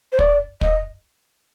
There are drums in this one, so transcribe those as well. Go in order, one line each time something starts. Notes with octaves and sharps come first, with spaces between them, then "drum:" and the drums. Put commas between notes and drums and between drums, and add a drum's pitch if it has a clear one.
C5
D5, drum: kick
D#5, drum: kick